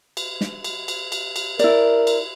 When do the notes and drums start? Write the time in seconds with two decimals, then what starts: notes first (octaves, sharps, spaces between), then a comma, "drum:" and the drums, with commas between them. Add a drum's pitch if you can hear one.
0.17 drum: cymbal
0.41 drum: snare
0.64 drum: cymbal
0.88 drum: cymbal
1.12 drum: cymbal
1.36 drum: cymbal
1.59 E4 A#4 D5, drum: cymbal
2.07 drum: cymbal